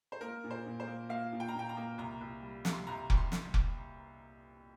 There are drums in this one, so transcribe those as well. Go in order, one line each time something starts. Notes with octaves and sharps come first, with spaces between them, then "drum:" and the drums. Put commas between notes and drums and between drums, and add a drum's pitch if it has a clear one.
C5
A#3 A#4
A#2
C5
A#2
C5
A#3
A#3 F5
A#2
G5
A#5
A#2 G5
A#5
A#3
C2 A#5
C2
G3
C3, drum: snare
C6
C2 A#5
C2, drum: kick F1
C6
drum: snare
drum: kick F1